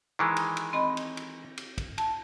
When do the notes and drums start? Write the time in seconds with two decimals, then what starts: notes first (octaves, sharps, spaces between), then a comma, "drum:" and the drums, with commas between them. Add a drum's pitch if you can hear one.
0.19 D#3 E3 G#3
0.36 drum: cymbal
0.57 drum: cymbal
0.73 C4 D#5 B5
0.97 drum: cymbal
1.17 drum: cymbal
1.57 drum: cymbal
1.78 drum: kick, cymbal
1.98 A5, drum: cymbal